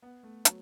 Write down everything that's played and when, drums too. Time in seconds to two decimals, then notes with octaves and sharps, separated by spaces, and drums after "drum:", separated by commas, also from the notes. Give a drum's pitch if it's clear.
0.02 B3
0.23 A3
0.45 F#3, drum: hi-hat